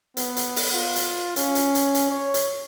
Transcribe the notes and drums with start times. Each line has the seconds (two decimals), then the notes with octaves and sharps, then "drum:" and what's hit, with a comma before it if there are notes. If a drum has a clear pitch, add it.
0.17 B3, drum: hi-hat
0.36 drum: hi-hat
0.56 drum: open hi-hat
0.73 F4
0.96 drum: hi-hat
1.36 C#4, drum: hi-hat
1.55 drum: hi-hat
1.75 drum: hi-hat
1.95 drum: hi-hat
2.10 C#5
2.34 drum: hi-hat